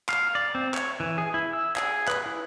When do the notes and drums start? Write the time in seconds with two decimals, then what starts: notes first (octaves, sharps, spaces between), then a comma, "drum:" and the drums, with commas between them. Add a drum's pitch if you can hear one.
0.09 F5, drum: clap
0.35 D5
0.55 C4
0.74 C#5, drum: clap
1.00 E3
1.18 G#4
1.34 E4
1.53 E6
1.76 G#4, drum: clap
2.08 B4, drum: clap
2.26 E4